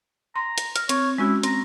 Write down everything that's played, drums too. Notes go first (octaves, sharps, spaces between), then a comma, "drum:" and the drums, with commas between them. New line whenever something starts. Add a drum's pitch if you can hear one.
A#5 C6
drum: hi-hat
F6, drum: hi-hat
C4 C#5, drum: hi-hat
G#3 C#4 E4 F#4
C4 A#5 A#6, drum: hi-hat